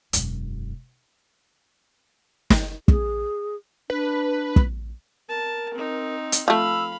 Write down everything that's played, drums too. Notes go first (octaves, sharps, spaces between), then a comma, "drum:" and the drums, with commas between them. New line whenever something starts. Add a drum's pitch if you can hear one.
E1 F#2, drum: hi-hat
drum: snare
G#4, drum: kick
D4 B4
drum: kick
A#4 A5
C4 D#4
drum: hi-hat
F3 A3 F5 B5 E6